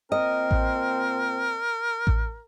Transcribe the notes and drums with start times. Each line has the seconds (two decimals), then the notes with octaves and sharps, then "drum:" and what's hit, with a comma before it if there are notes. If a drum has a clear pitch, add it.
0.12 A#2 C4 A#4 D#5
0.51 drum: kick A1
2.07 drum: kick A1